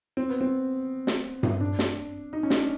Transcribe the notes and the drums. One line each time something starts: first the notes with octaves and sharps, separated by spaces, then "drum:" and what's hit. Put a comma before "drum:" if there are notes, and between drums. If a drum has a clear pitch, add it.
C4
B3
C4
drum: snare
drum: tom G2
D4
drum: snare
D#4
C#4
D4, drum: snare